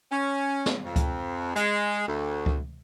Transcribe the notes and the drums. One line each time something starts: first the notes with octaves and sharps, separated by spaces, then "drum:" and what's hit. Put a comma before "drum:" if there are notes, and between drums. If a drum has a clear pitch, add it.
C#4
drum: snare
F2
drum: kick C#2, hi-hat
G#3, drum: hi-hat
D2
drum: kick C#2